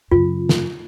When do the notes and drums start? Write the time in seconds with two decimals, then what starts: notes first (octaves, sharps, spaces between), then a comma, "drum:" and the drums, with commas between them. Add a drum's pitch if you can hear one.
0.12 F#2 C#3 F4
0.49 drum: snare